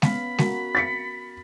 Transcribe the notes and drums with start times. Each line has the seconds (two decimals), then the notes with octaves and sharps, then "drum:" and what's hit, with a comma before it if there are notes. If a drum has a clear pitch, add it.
0.02 B3 C#4 F5 B5, drum: snare G#3
0.38 C#4 F#4 A#4, drum: snare G#3
0.75 A6 B6 C#7